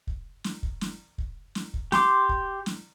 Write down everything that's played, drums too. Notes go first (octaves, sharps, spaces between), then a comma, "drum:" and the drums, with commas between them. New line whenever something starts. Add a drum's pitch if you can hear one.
drum: kick
drum: snare
drum: kick
drum: snare
drum: kick
drum: snare
drum: kick
G4 C6 D6, drum: snare
drum: kick
drum: snare